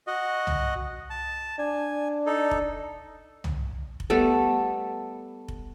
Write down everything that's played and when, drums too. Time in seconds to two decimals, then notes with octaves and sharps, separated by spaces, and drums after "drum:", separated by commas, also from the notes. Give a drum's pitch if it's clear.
0.07 F#4 D#5
0.47 drum: tom C2
1.10 A5
1.58 D4 G#5
2.26 D#4 A4
2.51 drum: kick F1
3.44 drum: tom C2
4.00 drum: kick F1
4.10 G3 A3 B3 A4
5.48 drum: kick F1